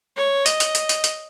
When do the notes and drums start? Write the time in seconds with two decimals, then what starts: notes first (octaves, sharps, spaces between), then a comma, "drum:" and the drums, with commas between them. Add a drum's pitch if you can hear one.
0.17 C#5
0.46 D#5, drum: hi-hat
0.60 drum: hi-hat
0.75 drum: hi-hat
0.89 drum: hi-hat
1.04 drum: hi-hat